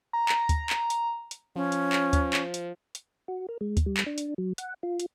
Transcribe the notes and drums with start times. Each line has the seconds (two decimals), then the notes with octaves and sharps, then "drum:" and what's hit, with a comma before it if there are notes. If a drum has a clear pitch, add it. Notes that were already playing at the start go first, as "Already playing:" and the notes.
0.13 A#5
0.29 drum: clap
0.49 drum: kick D2, hi-hat
0.70 drum: clap
0.90 drum: hi-hat
1.31 drum: hi-hat
1.56 F3 C#4
1.72 drum: hi-hat
1.93 drum: clap
2.13 drum: kick D2, hi-hat
2.33 drum: clap
2.54 drum: hi-hat
2.95 drum: hi-hat
3.28 F#4
3.49 A#4
3.61 G#3
3.77 drum: kick D2, hi-hat
3.86 G3
3.97 drum: clap
4.06 D4
4.18 drum: hi-hat
4.38 F#3
4.58 F#5, drum: hi-hat
4.83 F4
5.00 drum: hi-hat